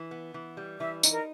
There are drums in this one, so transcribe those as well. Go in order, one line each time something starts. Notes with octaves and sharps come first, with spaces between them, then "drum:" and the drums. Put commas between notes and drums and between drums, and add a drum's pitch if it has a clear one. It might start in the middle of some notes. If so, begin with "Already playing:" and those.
Already playing: E3
B3
E3
G3
E3 E5
D#4, drum: tambourine
A#4